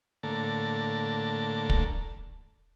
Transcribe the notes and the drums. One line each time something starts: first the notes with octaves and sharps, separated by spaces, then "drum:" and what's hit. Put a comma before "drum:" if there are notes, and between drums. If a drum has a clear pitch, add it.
A2 D3 A#3 A5
drum: kick